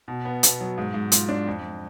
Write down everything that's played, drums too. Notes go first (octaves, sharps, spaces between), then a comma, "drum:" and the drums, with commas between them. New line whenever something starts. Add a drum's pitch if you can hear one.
B2
B3
B2, drum: hi-hat
F#3
G#2
G#2
F4, drum: hi-hat
D4
F2